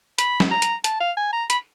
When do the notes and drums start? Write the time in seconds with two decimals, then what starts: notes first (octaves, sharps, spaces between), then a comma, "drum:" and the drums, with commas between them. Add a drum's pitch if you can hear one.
0.18 B5, drum: hi-hat
0.40 drum: snare
0.51 A#5
0.62 drum: hi-hat
0.84 A5, drum: hi-hat
1.00 F5
1.17 G#5
1.33 A#5
1.50 B5, drum: hi-hat